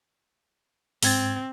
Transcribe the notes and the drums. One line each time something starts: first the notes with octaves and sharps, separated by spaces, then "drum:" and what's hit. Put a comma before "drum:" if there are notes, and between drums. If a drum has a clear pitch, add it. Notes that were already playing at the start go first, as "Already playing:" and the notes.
G#2 C4 G#6 A6, drum: open hi-hat